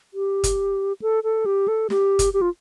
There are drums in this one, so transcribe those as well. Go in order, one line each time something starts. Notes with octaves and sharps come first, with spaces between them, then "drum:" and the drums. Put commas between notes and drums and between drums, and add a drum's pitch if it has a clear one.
G4
drum: kick, hi-hat
A4
A4
G4
A4
G4, drum: snare
drum: kick, hi-hat
G4
F4